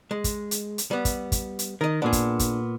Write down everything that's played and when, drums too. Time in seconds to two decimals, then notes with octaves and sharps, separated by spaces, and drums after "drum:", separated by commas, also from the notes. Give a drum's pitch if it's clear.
0.11 G#3
0.24 drum: kick, hi-hat
0.51 drum: hi-hat
0.78 drum: hi-hat
0.91 G3 B3
1.05 drum: kick, hi-hat
1.32 drum: kick, hi-hat
1.59 drum: hi-hat
1.81 D#3 A#4 D#5
2.02 A#2 B3 D4 G#4
2.13 drum: kick, hi-hat
2.39 drum: kick, hi-hat